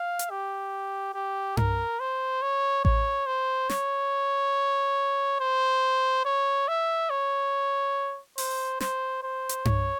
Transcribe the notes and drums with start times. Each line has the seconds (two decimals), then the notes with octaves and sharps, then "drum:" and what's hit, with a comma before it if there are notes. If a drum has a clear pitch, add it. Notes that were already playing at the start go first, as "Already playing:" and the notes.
Already playing: F5
0.19 drum: hi-hat
0.30 G4
1.14 G4
1.57 A#4, drum: tom G2
2.00 C5
2.42 C#5
2.85 C#5, drum: kick A1
3.27 C5
3.69 C#5, drum: snare
5.41 C5
6.25 C#5
6.68 E5
7.10 C#5
8.38 C5, drum: open hi-hat
8.80 C5, drum: snare
9.23 C5
9.49 drum: hi-hat
9.65 C#5, drum: tom G2